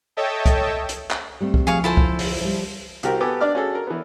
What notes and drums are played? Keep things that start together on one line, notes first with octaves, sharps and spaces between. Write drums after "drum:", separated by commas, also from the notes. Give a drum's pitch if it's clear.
A4 C#5 D#5 E5 G5 A5
drum: kick C2, hi-hat
drum: hi-hat
drum: clap
G3 A3 C4
drum: kick C2
F3 G#4 F5 C#6
D3 E4 F4 A4 C5 G#5
drum: kick C2
drum: open hi-hat
F3 G3
C2 F#4 G4 A#4, drum: hi-hat
B3 G4 A4 G#5 D6
D4 D5 F6
C#4 F#4 G#4 A4
A#4
E3 B3